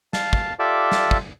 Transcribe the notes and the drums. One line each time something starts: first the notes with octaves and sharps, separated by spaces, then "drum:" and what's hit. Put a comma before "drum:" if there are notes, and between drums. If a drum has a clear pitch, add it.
F5 A5, drum: snare
drum: kick
F4 G4 A4 D5 E5
drum: snare
drum: kick